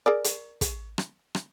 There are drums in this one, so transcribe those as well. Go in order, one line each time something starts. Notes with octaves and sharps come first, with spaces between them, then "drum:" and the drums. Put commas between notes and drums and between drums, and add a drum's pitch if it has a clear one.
G#4 A#4 D5
drum: hi-hat
drum: kick, hi-hat
drum: rim click
drum: rim click